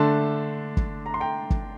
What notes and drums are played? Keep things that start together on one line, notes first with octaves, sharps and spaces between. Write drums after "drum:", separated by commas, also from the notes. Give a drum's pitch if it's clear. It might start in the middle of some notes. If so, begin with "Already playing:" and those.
Already playing: D3 A3 D4 A5 C6
drum: kick
A#5
C6
G5 A#5
drum: kick